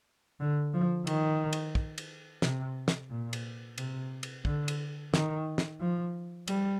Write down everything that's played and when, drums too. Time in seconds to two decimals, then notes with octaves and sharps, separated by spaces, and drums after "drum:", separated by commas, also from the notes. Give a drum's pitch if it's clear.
0.40 D3
0.74 F3
1.07 D#3, drum: cymbal
1.53 drum: cymbal
1.75 drum: kick
1.98 drum: cymbal
2.42 C3, drum: snare
2.88 drum: snare
3.10 A#2
3.33 drum: cymbal
3.78 C3, drum: cymbal
4.23 drum: cymbal
4.45 D3, drum: kick
4.68 drum: cymbal
5.14 D#3, drum: snare
5.58 drum: snare
5.81 F3
6.48 G3, drum: cymbal